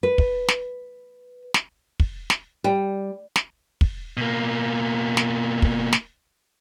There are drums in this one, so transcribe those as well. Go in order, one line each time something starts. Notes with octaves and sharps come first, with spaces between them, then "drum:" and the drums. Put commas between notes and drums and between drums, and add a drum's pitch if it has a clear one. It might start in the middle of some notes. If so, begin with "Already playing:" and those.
B4
drum: kick
drum: snare
drum: snare
drum: kick
drum: snare
G3
drum: snare
drum: kick
B2 A#3
drum: snare
drum: kick
drum: snare